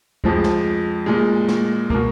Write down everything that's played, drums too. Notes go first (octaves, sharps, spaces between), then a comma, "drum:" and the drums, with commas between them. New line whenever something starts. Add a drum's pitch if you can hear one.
F2 F3 G#3, drum: kick
drum: snare
A#2 G#3
drum: snare
B2 A#3, drum: kick